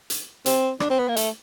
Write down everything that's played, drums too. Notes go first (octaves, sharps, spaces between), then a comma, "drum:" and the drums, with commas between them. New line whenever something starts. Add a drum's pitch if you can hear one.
drum: hi-hat
C4, drum: hi-hat
D4, drum: rim click
C4
B3
A#3
A3, drum: hi-hat